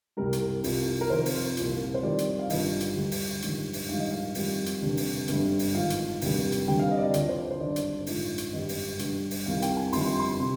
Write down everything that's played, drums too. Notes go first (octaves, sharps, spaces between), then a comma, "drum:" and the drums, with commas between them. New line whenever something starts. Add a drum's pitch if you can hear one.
C2 C3 G3 A#4
drum: hi-hat
C2 C3 F3, drum: open hi-hat
A#4
F1 F2 D#3 C5
drum: open hi-hat
C2 A#2 F3, drum: hi-hat
C5
F2 D#3 G3 D5
drum: hi-hat
F5
G#1 G2 D3 F3 D#5, drum: open hi-hat
drum: hi-hat
D2 D3 G3
drum: open hi-hat
A#1 G#2 D#3 G3, drum: hi-hat
drum: open hi-hat
A#1 G#2 D#3 G3 F5
D#5
F5
F2 D#3 G3, drum: open hi-hat
drum: hi-hat
F1 D#2 D3 G3
drum: open hi-hat
G1 G2 D3 G3, drum: hi-hat
drum: open hi-hat
G#1 G#2 F3 F5
drum: hi-hat
F1 D#2 D3 G3, drum: open hi-hat
drum: hi-hat
F1 D#2 D3 G3 G5
F5
D#5
D5
D#5
D2 D3 F3 D5, drum: hi-hat
C5
C5
G#1 G2 D3 D5
drum: hi-hat
A#1 G#2 F3, drum: open hi-hat
drum: hi-hat
G#1 G2 D3 G3 D#5
drum: open hi-hat
G1 G2 D3 G3, drum: hi-hat
drum: open hi-hat
C2 C3 D#3 G3 F5
F5
G5, drum: hi-hat
G#5
G1 F2 D#3 G3 C6, drum: open hi-hat
C6
C3